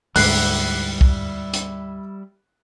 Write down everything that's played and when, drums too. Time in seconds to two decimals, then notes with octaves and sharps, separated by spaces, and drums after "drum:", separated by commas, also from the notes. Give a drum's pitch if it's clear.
0.16 D2 G#2 G3 E4 F#6 C7, drum: open hi-hat
1.01 drum: kick
1.54 drum: hi-hat